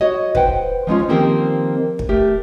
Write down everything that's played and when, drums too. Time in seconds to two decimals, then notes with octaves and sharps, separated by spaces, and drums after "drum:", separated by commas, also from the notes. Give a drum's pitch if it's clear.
0.01 F#4 C#5 D#5
0.35 B4 C5 F#5 G5, drum: kick
0.87 F3 G#3 C#4 F4
1.09 D#3 F3 A#3 C4 G4 A#4
1.99 drum: kick
2.09 A3 G4 A#4